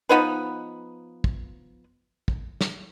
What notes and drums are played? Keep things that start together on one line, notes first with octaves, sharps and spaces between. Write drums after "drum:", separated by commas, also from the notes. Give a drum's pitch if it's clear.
F3 B3 D#4 B4
drum: kick
drum: kick
drum: snare